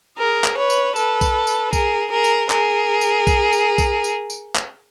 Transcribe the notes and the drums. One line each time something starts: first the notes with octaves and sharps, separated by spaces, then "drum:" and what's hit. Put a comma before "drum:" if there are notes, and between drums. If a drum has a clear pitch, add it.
G#4 A#4
drum: clap
B4 C#5
drum: tambourine
A4 B4, drum: tambourine
drum: kick B1, tambourine
drum: tambourine
G#4 A#4, drum: kick B1, tambourine
G#4 A#4
drum: tambourine
G#4 A#4, drum: clap
drum: tambourine
drum: kick B1, tambourine
drum: tambourine
drum: kick B1, tambourine
drum: tambourine
drum: tambourine
drum: clap